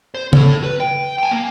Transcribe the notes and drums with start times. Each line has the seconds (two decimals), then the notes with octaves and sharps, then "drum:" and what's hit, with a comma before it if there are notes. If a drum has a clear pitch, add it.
0.15 C5
0.33 A4 C#5, drum: tom C#3
0.63 B4
0.80 G5
1.18 G5 G#5
1.31 A#3